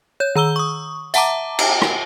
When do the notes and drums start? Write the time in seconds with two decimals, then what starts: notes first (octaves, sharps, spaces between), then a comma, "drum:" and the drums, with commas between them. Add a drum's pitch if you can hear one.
0.20 C#5 G6
0.36 D#3 A#5 E6 G7
0.56 C#6 D#6
1.14 E5 F#5 A5 A#5 D6, drum: tambourine
1.59 drum: cymbal
1.82 drum: rim click